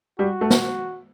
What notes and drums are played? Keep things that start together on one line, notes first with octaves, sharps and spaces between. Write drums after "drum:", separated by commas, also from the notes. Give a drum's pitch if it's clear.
G3 F#4
A3
drum: snare